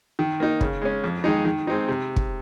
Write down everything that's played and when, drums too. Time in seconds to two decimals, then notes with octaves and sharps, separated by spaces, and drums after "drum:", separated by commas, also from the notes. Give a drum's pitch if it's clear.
0.19 D#3
0.40 A#3 D#4
0.61 C#3, drum: kick
0.82 G#3 C#4
1.04 F2
1.24 D#3 G#3 D#4
1.45 D#3
1.67 G#3 C4 D#4
1.88 C3
2.16 drum: kick